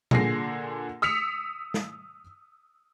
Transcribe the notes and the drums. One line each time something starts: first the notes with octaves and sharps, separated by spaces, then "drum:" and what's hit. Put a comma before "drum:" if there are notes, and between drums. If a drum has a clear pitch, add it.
A#2 D3 G#4 A#6 C7, drum: tom A#2
D#6 E6 B6 C#7 F7
drum: snare